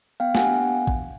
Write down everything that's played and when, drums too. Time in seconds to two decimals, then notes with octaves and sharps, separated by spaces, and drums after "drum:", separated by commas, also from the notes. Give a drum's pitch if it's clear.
0.20 B3 F5 G5
0.35 D4 G4 F#5 G#5, drum: snare
0.50 B3
0.87 drum: kick A1